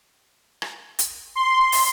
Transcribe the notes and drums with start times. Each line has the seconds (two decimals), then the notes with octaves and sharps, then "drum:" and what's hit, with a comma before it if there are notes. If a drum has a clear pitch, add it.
0.62 drum: rim click
0.99 drum: hi-hat
1.35 C6
1.72 drum: open hi-hat